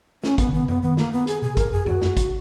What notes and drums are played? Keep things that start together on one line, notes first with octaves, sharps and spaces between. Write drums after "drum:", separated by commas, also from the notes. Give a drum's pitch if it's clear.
C#4, drum: snare
B3, drum: kick, hi-hat
C#3
D#3 B3
C#3
B3, drum: tom F#2
D#3 B3
A#3, drum: snare
B3
G#4, drum: hi-hat
B2 G#4
G#2 A#4, drum: kick, hi-hat
F#2 G#4
E2 F#4, drum: tom F#2
F#2, drum: snare
drum: kick, hi-hat